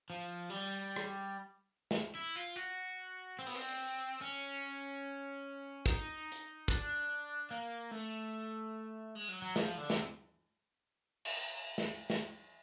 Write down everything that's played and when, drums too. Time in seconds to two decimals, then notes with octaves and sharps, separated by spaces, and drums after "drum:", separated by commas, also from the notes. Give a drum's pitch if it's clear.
0.10 F3
0.50 G3
0.96 drum: rim click
1.91 drum: snare
2.15 E4
2.36 F4
2.56 F#4
3.39 C4
3.47 B3, drum: open hi-hat
3.55 C4
4.21 C#4
5.86 D#4, drum: kick
6.32 drum: hi-hat
6.68 D4, drum: kick
7.51 A#3
7.91 A3
9.16 G#3
9.29 F#3
9.42 F#3
9.56 F3, drum: snare
9.77 D3
9.90 C3, drum: snare
11.25 drum: cymbal
11.78 drum: snare
12.10 drum: snare